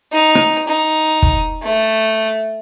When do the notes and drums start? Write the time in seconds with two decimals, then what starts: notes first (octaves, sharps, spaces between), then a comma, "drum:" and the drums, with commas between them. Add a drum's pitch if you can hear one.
0.12 D#4
0.35 drum: rim click
0.68 D#4
1.23 drum: kick
1.62 A3